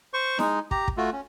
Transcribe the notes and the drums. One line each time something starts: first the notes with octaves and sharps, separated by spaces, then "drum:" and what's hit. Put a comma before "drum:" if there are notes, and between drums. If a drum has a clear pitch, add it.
C5 C#6
G#3 D#4, drum: snare E4
G4 A#5, drum: kick
drum: kick
A3 F4 F#4
C#4